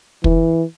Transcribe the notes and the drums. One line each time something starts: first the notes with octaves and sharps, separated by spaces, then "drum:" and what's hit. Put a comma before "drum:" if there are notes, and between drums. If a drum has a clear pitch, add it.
E3, drum: kick